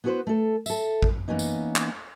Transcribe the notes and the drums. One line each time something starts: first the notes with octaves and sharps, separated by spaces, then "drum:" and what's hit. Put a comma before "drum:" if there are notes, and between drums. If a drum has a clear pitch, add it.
B3 E4 F#4 A4 B4 C5
A3 A4
A4 E5, drum: tambourine
drum: kick A1
E3 A#3 B3 C#4 D#4
drum: tambourine
drum: clap